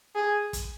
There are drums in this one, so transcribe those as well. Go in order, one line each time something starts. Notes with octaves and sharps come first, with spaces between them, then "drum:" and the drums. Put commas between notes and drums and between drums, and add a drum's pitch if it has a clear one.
G#4
drum: kick, hi-hat